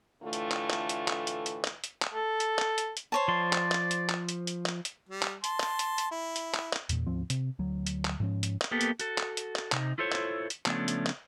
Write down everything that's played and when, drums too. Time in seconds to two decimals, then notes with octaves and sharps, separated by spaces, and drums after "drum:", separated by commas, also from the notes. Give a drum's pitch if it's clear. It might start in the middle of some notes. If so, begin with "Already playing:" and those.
0.23 A2 D3 E3 A3 F4
0.33 drum: hi-hat
0.52 drum: clap
0.71 drum: clap
0.89 drum: hi-hat
1.08 drum: clap
1.27 drum: hi-hat
1.46 drum: hi-hat
1.65 drum: clap
1.84 drum: hi-hat
2.02 drum: clap
2.14 A4
2.40 drum: hi-hat
2.59 drum: clap
2.78 drum: hi-hat
2.97 drum: hi-hat
3.12 C5 C#5 A5
3.28 F3 D5 C6
3.53 drum: clap
3.72 drum: clap
3.91 drum: hi-hat
4.10 drum: clap
4.29 drum: hi-hat
4.47 drum: hi-hat
4.66 drum: clap
4.85 drum: hi-hat
5.10 G3
5.23 drum: clap
5.44 A5 C6, drum: hi-hat
5.60 drum: clap
5.79 drum: hi-hat
5.98 drum: hi-hat
6.11 E4
6.36 drum: hi-hat
6.55 drum: clap
6.73 drum: clap
6.89 E2 A#2, drum: hi-hat
7.06 D2 G#2 F3 C4
7.30 C3, drum: hi-hat
7.59 D2 F#3
7.86 drum: hi-hat
8.05 drum: clap
8.20 G#2 F3 C#4
8.43 drum: hi-hat
8.62 drum: clap
8.71 A#3 B3 G4 A4
8.81 drum: hi-hat
8.99 F#4 A4, drum: hi-hat
9.18 drum: clap
9.37 drum: hi-hat
9.56 drum: clap
9.72 C3 D#4, drum: clap
9.98 E4 F4 A4 C5 C#5
10.13 drum: clap
10.50 drum: hi-hat
10.66 C#3 F3 A3 B3 C#4 D4, drum: clap
10.88 drum: hi-hat
11.07 drum: clap